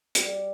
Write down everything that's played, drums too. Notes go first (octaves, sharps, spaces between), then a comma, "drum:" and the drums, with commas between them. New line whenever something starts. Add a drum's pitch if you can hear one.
G3, drum: hi-hat